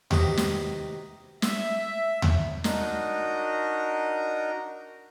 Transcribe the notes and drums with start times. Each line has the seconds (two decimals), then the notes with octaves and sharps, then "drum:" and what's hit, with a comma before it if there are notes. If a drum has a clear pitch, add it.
0.11 C3 D#3 F#4 B4 D#5 C#6, drum: tom D#2
0.37 drum: snare
1.42 E5, drum: snare
2.22 drum: tom D#2
2.64 D4 D#4 F#4 A#4 D#5 A#5, drum: snare